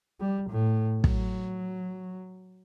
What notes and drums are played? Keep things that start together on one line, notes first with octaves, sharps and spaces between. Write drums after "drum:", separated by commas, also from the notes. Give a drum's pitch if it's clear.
G3
A2
F#3, drum: kick